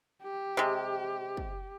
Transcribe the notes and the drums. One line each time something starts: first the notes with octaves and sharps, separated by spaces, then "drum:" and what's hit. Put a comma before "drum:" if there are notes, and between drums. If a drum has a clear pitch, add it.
G4
C3 G#3
drum: kick